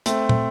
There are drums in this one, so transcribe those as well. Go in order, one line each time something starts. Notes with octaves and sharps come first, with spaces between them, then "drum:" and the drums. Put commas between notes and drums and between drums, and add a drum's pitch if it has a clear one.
A3 C4, drum: hi-hat
drum: tom